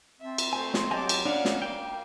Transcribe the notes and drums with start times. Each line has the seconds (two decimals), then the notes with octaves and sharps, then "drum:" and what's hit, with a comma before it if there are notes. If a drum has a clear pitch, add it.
0.21 C4 E5 A5
0.38 drum: cymbal
0.53 A3 C5 G#5
0.74 drum: snare
0.91 F#3 G4 D#5 G#5 A5 D6
1.09 drum: cymbal
1.25 C#4 D4 D5 F5 F#5 F6
1.45 drum: snare
1.62 A#3 G5 D6